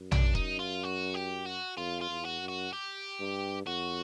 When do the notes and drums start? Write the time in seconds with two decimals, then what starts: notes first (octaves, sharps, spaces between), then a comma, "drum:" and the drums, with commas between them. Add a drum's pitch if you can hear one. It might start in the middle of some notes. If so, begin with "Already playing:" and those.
Already playing: F#2
0.12 D4, drum: tom A#1
0.35 D#4, drum: kick E1
0.59 F4
0.83 F#4
1.14 G4
1.45 F#4
1.77 F2 F4
2.01 F4
2.10 E2
2.25 F#4
2.40 F#2
2.49 F#4
2.73 G4
3.20 G2
3.67 F2 F#4